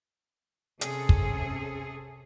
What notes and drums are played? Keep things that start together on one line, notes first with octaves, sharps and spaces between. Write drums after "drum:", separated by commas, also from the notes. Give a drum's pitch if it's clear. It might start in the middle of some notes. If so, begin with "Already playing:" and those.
C3 C#4 G#4 A4, drum: hi-hat
drum: kick